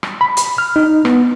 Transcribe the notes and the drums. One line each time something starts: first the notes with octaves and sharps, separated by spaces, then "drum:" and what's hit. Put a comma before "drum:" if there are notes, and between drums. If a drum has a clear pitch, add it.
drum: rim click
B5
drum: hi-hat
F6
D#4
B3, drum: rim click